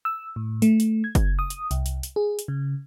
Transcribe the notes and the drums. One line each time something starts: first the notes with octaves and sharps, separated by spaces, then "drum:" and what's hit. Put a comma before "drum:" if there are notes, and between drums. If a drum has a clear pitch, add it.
E6
A2
A3, drum: hi-hat
drum: hi-hat
G#6
drum: kick, hi-hat
D#6
drum: hi-hat
C2, drum: hi-hat
drum: hi-hat
drum: hi-hat
G#4
drum: hi-hat
C#3